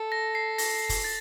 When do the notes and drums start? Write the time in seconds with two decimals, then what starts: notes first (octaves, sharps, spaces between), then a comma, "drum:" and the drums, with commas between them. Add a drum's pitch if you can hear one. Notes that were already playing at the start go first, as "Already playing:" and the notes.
Already playing: A4
0.12 A#6
0.35 C7
0.58 A#6, drum: open hi-hat
0.89 drum: kick, open hi-hat
1.04 A6